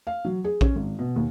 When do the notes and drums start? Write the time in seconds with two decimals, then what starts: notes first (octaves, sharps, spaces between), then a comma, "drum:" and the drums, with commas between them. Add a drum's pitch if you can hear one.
0.07 F5
0.25 F#3
0.44 G#4
0.61 C#4, drum: kick A#1
0.76 G#1
0.99 B2
1.16 D#2